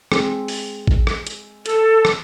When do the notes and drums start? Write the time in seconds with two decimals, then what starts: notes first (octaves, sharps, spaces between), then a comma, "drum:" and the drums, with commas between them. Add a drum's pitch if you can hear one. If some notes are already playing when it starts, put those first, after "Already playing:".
0.12 G#3 C4, drum: rim click
0.48 drum: open hi-hat
0.87 drum: kick
1.07 drum: rim click
1.27 drum: hi-hat
1.66 A4, drum: hi-hat
2.05 drum: rim click